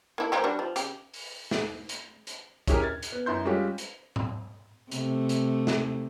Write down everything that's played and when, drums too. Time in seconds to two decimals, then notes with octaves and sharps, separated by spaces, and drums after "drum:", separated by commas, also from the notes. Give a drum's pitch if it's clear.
0.18 A#3 E4 A4
0.32 F3 A#3 G4
0.44 G3 D4 F#4
0.59 F3
0.76 C#3 G4, drum: hi-hat
1.14 drum: open hi-hat
1.51 drum: snare
1.89 drum: hi-hat
2.27 drum: hi-hat
2.68 C#4 E4 G4 G#4 A#4, drum: kick, hi-hat
2.80 F6 G#6 A6
3.03 drum: hi-hat
3.12 B3
3.26 F#2 E4 C6 G6
3.45 G3 G#3 C#4 F4 G4
3.78 drum: hi-hat
4.16 drum: tom G#2
4.91 C3 A3, drum: hi-hat
5.29 drum: hi-hat
5.67 drum: snare